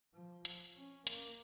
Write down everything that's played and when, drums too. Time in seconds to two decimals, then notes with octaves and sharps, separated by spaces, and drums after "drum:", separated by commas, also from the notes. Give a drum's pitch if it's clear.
0.14 F3
0.45 drum: hi-hat
0.76 C#4
1.07 A#3, drum: hi-hat